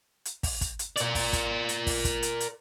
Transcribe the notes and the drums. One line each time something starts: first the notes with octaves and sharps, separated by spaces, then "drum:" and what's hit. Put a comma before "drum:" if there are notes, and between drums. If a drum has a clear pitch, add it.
drum: hi-hat
drum: kick, open hi-hat
drum: kick, hi-hat
drum: hi-hat
A#4 D5, drum: hi-hat
drum: kick, open hi-hat
drum: kick, hi-hat
drum: hi-hat
drum: kick, open hi-hat
drum: kick, hi-hat
drum: hi-hat
drum: hi-hat